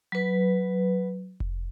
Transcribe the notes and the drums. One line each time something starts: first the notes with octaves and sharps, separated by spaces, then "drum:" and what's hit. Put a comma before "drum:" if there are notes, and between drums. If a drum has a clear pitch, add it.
F#3 B4
drum: kick F1